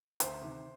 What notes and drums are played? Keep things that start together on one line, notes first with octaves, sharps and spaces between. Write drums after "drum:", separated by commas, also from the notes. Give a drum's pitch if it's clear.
D2 C5, drum: hi-hat
C3 D#3